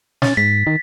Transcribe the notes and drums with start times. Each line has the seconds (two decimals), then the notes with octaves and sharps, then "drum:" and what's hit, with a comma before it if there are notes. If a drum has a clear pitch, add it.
0.22 C#4 A6, drum: snare
0.37 G#2 B6
0.67 D#3